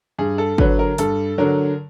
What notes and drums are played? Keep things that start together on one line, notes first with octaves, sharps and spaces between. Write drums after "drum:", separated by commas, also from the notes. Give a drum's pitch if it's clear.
G2 G#4
A4
D3 F#3 B4, drum: kick G1
A#4
G2 A4, drum: hi-hat
D3 F#3 A#4